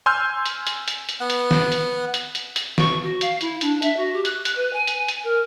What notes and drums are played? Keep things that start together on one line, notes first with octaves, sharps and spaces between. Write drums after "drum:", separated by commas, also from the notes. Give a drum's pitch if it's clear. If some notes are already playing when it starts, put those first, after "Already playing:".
G#5 C6 E6 F6 G6
drum: hi-hat
drum: hi-hat
drum: hi-hat
drum: hi-hat
B3 F#5
drum: hi-hat
drum: snare
drum: hi-hat
drum: hi-hat
drum: hi-hat
drum: hi-hat
C#6, drum: snare
F#4
F5, drum: hi-hat
E4, drum: hi-hat
D4, drum: hi-hat
E5, drum: hi-hat
F#4
G4
F#6, drum: hi-hat
drum: hi-hat
B4
G#5
drum: hi-hat
drum: hi-hat
A#4